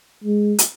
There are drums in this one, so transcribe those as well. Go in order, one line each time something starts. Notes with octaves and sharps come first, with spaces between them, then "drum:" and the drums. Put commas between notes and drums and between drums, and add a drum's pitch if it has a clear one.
G#3
drum: hi-hat